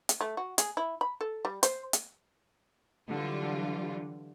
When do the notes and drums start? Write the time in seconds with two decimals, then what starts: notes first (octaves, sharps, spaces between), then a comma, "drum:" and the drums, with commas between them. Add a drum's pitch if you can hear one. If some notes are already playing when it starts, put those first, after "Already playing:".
0.09 drum: hi-hat
0.21 A3
0.37 F#4
0.58 G#4, drum: hi-hat
0.77 E4
1.01 B5
1.21 A4
1.45 G3
1.63 C5, drum: hi-hat
1.93 drum: hi-hat
3.09 D3 E3 F#3 G3 F4